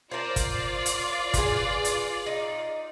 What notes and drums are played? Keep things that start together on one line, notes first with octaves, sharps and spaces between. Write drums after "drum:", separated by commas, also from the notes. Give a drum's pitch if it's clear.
F4 A#4 C5 D5
drum: kick, hi-hat
drum: hi-hat
G#4 B4, drum: kick, hi-hat
drum: hi-hat
D#4